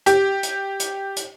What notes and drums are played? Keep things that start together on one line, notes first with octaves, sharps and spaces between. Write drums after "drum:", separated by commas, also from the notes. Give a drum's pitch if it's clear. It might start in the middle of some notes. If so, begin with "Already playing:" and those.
G4, drum: hi-hat
drum: hi-hat
drum: hi-hat
drum: hi-hat